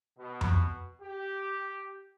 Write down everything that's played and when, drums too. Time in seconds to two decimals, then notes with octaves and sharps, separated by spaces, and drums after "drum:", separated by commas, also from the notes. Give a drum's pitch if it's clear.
0.19 B2
0.41 drum: tom F2
1.02 G4